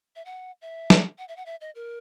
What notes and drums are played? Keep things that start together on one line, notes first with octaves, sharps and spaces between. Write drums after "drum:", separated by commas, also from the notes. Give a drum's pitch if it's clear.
E5
F#5
E5
drum: snare
F#5
E5
F#5
E5
D#5
A#4